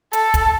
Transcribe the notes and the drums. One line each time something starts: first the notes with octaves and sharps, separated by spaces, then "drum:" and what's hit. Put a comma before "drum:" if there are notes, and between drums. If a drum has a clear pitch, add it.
A4, drum: hi-hat
drum: kick, hi-hat